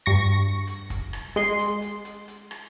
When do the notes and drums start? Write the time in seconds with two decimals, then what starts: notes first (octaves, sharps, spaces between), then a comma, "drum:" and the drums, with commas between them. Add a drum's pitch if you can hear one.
0.06 G2 C#6 A#6
0.67 drum: hi-hat
0.90 drum: kick, hi-hat
1.13 drum: rim click
1.36 G#3 C6, drum: hi-hat
1.59 drum: hi-hat
1.82 drum: hi-hat
2.05 drum: hi-hat
2.28 drum: hi-hat
2.51 drum: rim click